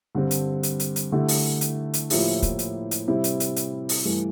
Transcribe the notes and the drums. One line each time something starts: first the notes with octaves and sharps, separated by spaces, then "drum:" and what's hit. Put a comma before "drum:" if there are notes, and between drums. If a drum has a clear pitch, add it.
G2 D3 G3 C4
drum: hi-hat
drum: hi-hat
drum: hi-hat
drum: hi-hat
D3 A3 E4 G4
drum: open hi-hat
drum: hi-hat
drum: hi-hat
A2 F3 A#3 E4 G4, drum: open hi-hat
drum: kick, hi-hat
drum: hi-hat
drum: hi-hat
C3 G3 C4 E4 G4
drum: hi-hat
drum: hi-hat
drum: hi-hat
drum: open hi-hat
G2 E3 A3